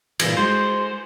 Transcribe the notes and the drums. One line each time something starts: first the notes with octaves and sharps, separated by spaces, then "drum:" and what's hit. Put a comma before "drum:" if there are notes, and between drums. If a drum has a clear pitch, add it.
A#2 C#3 E3, drum: cymbal
G#3 F#4 C5